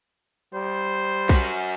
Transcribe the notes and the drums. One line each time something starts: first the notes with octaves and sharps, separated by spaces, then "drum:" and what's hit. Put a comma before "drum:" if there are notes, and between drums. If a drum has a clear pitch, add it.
G3 C5
F#2 F#3, drum: kick B1